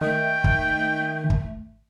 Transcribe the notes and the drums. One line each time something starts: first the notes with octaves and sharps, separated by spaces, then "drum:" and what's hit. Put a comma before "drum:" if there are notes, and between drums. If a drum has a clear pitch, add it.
D#3 A3 G5
drum: kick
drum: kick